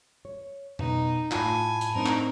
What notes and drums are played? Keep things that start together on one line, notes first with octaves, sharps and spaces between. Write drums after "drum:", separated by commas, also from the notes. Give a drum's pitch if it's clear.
C#5
B2 D#4, drum: tom
A2 F4 G#5 A5 B5, drum: clap
drum: hi-hat
A2 C4 D4 D#4 A#4
drum: clap